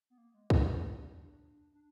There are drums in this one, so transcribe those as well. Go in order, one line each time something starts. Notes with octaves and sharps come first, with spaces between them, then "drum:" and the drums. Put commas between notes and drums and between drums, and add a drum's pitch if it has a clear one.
B3
A#3
G#3
D#4, drum: kick
D#4
D4
D4